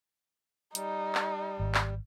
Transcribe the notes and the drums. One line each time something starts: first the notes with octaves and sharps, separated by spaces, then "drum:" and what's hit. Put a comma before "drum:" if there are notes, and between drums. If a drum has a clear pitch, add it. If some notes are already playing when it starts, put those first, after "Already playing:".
G3 D#4, drum: hi-hat
drum: clap
G#1
drum: clap